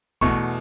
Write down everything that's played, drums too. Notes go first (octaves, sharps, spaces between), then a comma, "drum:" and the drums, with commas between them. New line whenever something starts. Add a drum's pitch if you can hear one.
E2 B2 A3 C#6, drum: kick B1